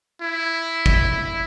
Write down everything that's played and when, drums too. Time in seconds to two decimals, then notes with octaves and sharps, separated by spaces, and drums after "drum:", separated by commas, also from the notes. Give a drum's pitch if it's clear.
0.22 E4
0.86 drum: kick